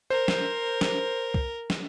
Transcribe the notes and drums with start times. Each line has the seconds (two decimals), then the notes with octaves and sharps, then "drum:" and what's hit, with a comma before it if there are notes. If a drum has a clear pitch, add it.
0.10 A#4 C5
0.28 drum: snare
0.81 drum: snare
1.34 drum: kick C2
1.70 drum: snare